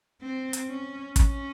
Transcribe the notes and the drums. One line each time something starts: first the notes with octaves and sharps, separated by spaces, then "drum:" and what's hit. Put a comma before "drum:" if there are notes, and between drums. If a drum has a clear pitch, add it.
C4
drum: hi-hat
C#4
C#4, drum: kick, hi-hat